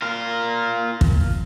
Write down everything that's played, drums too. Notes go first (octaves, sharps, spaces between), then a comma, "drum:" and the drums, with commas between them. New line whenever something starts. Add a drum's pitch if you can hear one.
F4 A#4
drum: kick